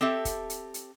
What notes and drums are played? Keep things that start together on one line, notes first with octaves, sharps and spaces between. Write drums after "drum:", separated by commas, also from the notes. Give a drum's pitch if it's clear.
C4 G4 A4 E5
drum: kick, hi-hat
drum: hi-hat
drum: hi-hat